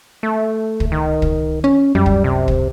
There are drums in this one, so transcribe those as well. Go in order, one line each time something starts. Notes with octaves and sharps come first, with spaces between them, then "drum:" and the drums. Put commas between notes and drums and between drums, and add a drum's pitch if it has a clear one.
A3
drum: kick
D#3
drum: kick
C#4
F#2 G3
drum: kick
C3
drum: kick